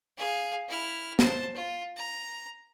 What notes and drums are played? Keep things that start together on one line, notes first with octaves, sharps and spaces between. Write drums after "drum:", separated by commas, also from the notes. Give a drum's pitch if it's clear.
G#4 F5
E4 F6
C5 A5, drum: snare
F4
A#5